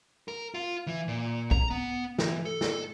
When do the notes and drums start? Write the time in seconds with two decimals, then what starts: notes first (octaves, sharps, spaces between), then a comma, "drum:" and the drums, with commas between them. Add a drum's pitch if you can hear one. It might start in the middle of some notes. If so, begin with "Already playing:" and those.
0.28 A#4
0.54 F4
0.87 E3
1.08 A#2
1.51 A#5, drum: kick B1
1.70 B3
2.18 E3, drum: snare
2.45 A4
2.61 drum: snare